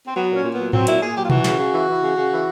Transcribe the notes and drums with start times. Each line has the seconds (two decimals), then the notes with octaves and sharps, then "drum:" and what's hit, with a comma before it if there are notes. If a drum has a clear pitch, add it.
0.07 C4
0.16 F#3 B3
0.30 A#2
0.35 C#4
0.44 A#2
0.53 B3
0.59 F#3
0.73 F#3 C4, drum: tom G#2
0.87 A#2 E4, drum: hi-hat
1.02 A#2 G#4
1.15 F#3 G4
1.25 F4
1.30 E3 F#4, drum: tom B2
1.44 C#3, drum: snare
1.59 C#3
1.74 E3
1.88 E3
2.02 C#3
2.16 C#3
2.31 E3